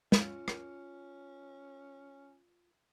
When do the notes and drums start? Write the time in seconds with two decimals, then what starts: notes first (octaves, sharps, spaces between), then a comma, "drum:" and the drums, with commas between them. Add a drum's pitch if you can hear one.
0.12 C#4 F4, drum: snare
0.48 drum: rim click